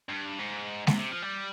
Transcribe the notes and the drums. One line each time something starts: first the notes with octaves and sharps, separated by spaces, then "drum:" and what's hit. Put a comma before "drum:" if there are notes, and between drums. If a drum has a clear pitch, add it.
G2
G#2
C3, drum: snare G#3
C3
F3
G3